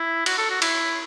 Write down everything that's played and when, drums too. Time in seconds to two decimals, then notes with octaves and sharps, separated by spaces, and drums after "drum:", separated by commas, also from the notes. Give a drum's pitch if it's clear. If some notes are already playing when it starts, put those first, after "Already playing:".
Already playing: E4
0.26 F#4, drum: cymbal
0.38 A4
0.50 F#4
0.62 E4, drum: cymbal